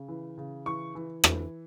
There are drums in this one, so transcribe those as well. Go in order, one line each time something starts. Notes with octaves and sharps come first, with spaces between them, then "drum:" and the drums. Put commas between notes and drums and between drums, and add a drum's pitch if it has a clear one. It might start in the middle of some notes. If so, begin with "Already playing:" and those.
Already playing: C#3
E3
C#3
E3 C#6
E3
E3, drum: rim click